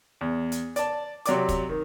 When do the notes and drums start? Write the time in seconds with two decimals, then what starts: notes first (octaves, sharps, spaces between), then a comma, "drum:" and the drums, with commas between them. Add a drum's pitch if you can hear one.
0.21 E2
0.52 drum: hi-hat
0.76 D5 A5, drum: hi-hat
1.26 C3 F#3 D5 D6, drum: hi-hat
1.49 drum: kick, hi-hat
1.69 D#3